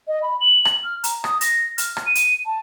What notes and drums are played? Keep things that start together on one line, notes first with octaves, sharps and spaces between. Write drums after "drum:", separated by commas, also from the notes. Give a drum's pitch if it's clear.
D#5
B5
F#7
drum: rim click
F6
A#5, drum: hi-hat
D#6, drum: rim click
A#6, drum: hi-hat
F6, drum: hi-hat
drum: rim click
D#7
drum: hi-hat
A5